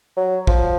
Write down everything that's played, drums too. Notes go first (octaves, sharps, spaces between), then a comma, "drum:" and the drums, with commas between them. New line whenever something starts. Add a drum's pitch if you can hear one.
F#3
F3, drum: kick